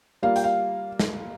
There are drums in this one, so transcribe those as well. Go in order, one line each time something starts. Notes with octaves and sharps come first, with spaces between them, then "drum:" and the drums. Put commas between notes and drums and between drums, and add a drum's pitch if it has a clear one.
G3 A#3 F4 F5
G5, drum: hi-hat
F5
drum: snare